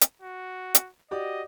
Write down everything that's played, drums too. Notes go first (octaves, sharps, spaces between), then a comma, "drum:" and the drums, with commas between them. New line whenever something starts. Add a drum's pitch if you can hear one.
drum: hi-hat
F#4
drum: hi-hat
F#4 G4 D5 D#5